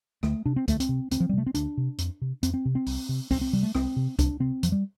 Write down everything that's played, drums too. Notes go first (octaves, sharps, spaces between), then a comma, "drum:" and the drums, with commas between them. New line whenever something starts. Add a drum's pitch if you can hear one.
D2 A3, drum: rim click
C3 D4
C4
D2 A3, drum: kick C#2, hi-hat
C4, drum: hi-hat
C3
D2 C4, drum: hi-hat
F3
G3
C3 A3
C4
D2 D4, drum: hi-hat
C3
F2, drum: hi-hat
C3
F2 C4, drum: hi-hat
C4
C3
C4
C2, drum: open hi-hat
C3
C2 C4, drum: kick C#2, open hi-hat
C4
C3 G3
A3
C2 C4, drum: rim click
C3
C2 D4, drum: kick C#2, hi-hat
C3 C4
F2 F3, drum: hi-hat
G3